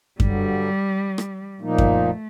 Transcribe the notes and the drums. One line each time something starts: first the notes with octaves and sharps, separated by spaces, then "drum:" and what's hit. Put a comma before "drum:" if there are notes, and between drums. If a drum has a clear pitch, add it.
G2 D3 F#3 G3, drum: kick F#2
drum: rim click
A#2 F3 A3 A#3 D#4
drum: kick F#2